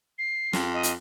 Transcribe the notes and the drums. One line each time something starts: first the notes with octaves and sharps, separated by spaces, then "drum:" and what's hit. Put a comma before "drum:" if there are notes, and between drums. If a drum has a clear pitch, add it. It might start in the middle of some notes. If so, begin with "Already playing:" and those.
C7
F2, drum: snare
D#5
drum: hi-hat